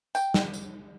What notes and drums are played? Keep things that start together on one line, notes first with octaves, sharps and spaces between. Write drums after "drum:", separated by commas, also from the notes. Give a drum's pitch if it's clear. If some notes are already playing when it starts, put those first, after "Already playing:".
G5, drum: tambourine
drum: snare
drum: tambourine